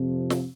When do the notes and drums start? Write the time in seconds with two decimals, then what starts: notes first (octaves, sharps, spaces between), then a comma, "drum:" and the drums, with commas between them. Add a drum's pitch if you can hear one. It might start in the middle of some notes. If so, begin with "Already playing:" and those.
Already playing: F2 C3 F3
0.30 drum: snare